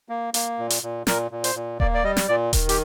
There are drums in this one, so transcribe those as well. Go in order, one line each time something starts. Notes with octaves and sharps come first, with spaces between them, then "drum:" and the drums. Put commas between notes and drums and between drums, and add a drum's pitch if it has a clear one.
A#3
A#3, drum: hi-hat
A#2
drum: hi-hat
A#2
A#2 A#4, drum: snare
A#2
C5, drum: hi-hat
A#2
A#3 D5, drum: kick D#1
D5
G3 D#5
drum: snare
A#2 D5
D#3, drum: kick D#1, hi-hat
G4, drum: hi-hat